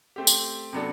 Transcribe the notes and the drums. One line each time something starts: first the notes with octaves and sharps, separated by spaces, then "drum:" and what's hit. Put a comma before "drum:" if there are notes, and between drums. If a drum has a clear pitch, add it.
A3 C4 G4
drum: tambourine
C3 F#3 B3 D4 A4